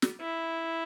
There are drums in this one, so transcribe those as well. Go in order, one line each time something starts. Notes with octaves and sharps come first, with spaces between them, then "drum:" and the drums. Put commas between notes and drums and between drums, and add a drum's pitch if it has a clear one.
drum: snare
E4